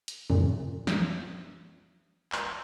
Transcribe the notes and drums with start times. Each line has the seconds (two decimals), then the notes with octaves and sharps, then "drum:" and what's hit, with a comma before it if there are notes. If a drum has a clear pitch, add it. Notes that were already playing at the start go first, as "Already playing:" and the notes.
0.08 drum: hi-hat
0.30 F#2 A#2, drum: tom C3
0.87 drum: snare
2.32 drum: clap